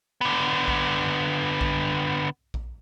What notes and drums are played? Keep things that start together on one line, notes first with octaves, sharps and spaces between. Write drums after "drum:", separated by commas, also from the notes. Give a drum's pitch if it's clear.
D3 B3
drum: kick A#1
drum: kick A#1
drum: kick A#1